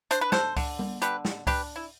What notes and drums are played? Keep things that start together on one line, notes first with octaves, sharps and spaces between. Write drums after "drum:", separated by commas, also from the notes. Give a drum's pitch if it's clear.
D4 C5, drum: hi-hat
B4
A4 C5, drum: snare
D3, drum: kick C#2, open hi-hat
drum: tom G3
D3 G4 B4, drum: hi-hat
drum: snare
D4 G4 B4, drum: kick C#2, open hi-hat
E4